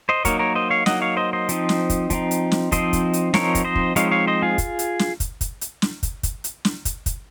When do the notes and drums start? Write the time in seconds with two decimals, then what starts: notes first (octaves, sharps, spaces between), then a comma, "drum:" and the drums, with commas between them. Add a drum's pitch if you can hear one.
0.09 C5 D#5
0.25 F#3 A#3 D#4 A#4 C#5, drum: kick, hi-hat
0.39 A#4 C#5
0.55 C5 D#5
0.70 C#5 F5
0.86 F#3 A#3 D#4 D#5 F#5, drum: snare
1.02 C#5 F5
1.17 C5 D#5
1.33 C5 D#5
1.49 F3 C4 D#4, drum: hi-hat
1.69 drum: snare
1.90 drum: kick, hi-hat
2.10 F3 C4 D#4, drum: kick, hi-hat
2.31 drum: hi-hat
2.52 drum: snare
2.72 F3 C4 D#4 C5 D#5, drum: kick, hi-hat
2.93 drum: kick, hi-hat
3.13 drum: hi-hat
3.34 F3 C4 D#4 A#4 C#5, drum: snare
3.55 drum: kick, hi-hat
3.65 C5 D#5
3.75 drum: kick
3.96 F3 G#3 C4 D#4 C#5 F5, drum: hi-hat
4.11 C#5 F5
4.27 C5 D#5
4.43 F4 G#4
4.58 drum: kick, hi-hat
4.79 drum: hi-hat
4.99 drum: snare
5.20 drum: kick, hi-hat
5.41 drum: kick, hi-hat
5.61 drum: hi-hat
5.82 drum: snare
6.03 drum: kick, hi-hat
6.23 drum: kick, hi-hat
6.44 drum: hi-hat
6.65 drum: snare
6.85 drum: kick, hi-hat
7.06 drum: kick, hi-hat